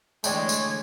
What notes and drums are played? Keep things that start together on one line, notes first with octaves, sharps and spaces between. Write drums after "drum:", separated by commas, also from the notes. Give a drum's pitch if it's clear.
D3 E3 G#3 A3 C#5 D5 G5, drum: tambourine
drum: tambourine